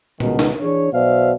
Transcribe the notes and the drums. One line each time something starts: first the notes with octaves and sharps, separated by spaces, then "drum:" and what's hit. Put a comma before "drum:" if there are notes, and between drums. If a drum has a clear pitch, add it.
C#2 B2 D#3, drum: tom A#2
drum: snare
E3 D4 G#4 C#5
B1 B2 C5 D5 E5 F5